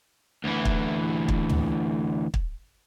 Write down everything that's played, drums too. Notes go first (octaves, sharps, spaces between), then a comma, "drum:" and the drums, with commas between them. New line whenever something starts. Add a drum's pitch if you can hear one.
D2 E3
drum: kick
drum: kick
drum: tom
drum: kick